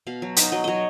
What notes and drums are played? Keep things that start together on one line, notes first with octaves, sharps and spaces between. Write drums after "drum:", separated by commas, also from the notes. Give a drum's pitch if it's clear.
B2 F5
F#3
D#4 F5, drum: hi-hat
F#3 D#5
F#3 C#5 D#5